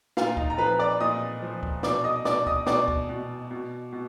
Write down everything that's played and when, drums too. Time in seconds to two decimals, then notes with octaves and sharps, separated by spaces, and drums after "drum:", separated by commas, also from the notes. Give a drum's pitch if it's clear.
0.17 A#2 F4 F5, drum: snare
0.37 D#4 D#5, drum: kick
0.50 A#5
0.58 F3 B4 B5
0.79 D5 D6
1.00 A#2 D#5 D#6
1.43 F3
1.63 drum: kick
1.83 B2 D5 D6, drum: snare
2.04 D#5 D#6
2.25 B2 D5 D6, drum: snare
2.47 D#5 D#6, drum: kick
2.67 B2 D5 D6, drum: snare
2.88 drum: kick
3.09 B2
3.51 B2
3.93 B2